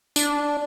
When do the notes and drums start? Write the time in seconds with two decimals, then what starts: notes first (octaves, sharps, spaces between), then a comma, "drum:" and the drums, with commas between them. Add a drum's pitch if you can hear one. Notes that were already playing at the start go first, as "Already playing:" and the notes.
0.16 D4, drum: tambourine